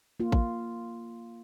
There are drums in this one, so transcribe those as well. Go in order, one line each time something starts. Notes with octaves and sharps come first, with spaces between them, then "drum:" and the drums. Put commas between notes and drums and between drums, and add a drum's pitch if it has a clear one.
A#3 F4
drum: kick A1